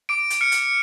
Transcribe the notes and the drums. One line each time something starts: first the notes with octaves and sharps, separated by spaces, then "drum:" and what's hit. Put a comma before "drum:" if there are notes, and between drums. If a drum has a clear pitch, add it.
D6 D7
drum: hi-hat
F6 C#7
drum: hi-hat